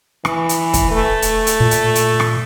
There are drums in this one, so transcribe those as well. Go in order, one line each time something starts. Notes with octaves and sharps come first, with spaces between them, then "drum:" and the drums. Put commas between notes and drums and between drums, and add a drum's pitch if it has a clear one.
E3, drum: rim click
drum: hi-hat
drum: kick, hi-hat
A3
drum: hi-hat
drum: hi-hat
A#2
drum: hi-hat
drum: hi-hat
drum: rim click